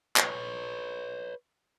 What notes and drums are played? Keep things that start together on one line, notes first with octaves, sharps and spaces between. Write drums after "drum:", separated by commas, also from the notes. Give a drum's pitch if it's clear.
B4 C#5, drum: clap